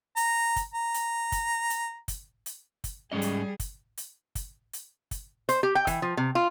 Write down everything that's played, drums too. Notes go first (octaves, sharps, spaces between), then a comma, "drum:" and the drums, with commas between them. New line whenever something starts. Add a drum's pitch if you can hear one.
A#5, drum: hi-hat
drum: kick, hi-hat
A#5
drum: hi-hat
drum: kick, hi-hat
drum: hi-hat
drum: kick, hi-hat
drum: hi-hat
drum: kick, hi-hat
G#2 G3 C#4 G#4 D#5
drum: hi-hat
drum: kick, hi-hat
drum: hi-hat
drum: kick, hi-hat
drum: hi-hat
drum: kick, hi-hat
C5, drum: hi-hat
G4
G5
E3, drum: kick, hi-hat
F3
C3
F4